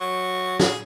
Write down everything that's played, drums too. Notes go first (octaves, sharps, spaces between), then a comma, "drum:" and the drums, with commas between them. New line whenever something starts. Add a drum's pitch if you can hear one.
F#3 C#6
G#4, drum: snare